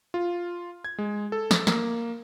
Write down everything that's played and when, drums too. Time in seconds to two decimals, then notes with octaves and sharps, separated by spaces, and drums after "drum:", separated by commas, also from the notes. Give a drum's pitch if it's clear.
0.14 F4
0.85 G#6
0.98 G#3
1.32 A4
1.51 drum: snare
1.67 A#3, drum: snare